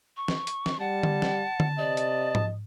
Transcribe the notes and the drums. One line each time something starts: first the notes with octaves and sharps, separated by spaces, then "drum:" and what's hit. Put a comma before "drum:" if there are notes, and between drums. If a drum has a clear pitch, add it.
C#6
drum: snare
drum: hi-hat
drum: snare
G3 F#5 A5
drum: tom D3
drum: snare
drum: tom D3
C3 D5 D#5
drum: hi-hat
drum: tom G#2